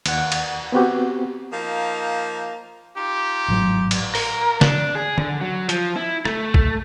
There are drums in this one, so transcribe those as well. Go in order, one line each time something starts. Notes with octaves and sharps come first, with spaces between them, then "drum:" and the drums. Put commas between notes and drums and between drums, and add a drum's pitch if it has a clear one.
D#2 F#5, drum: cymbal
drum: cymbal
B3 C4 F#4 G4
F3 A#3 D#4
D#4 F4 G4
G#1 A2 F#3
drum: cymbal
A#4, drum: open hi-hat
D4, drum: snare
G#4
D3, drum: tom D3
F#3
F3, drum: hi-hat
E4
A3, drum: rim click
drum: kick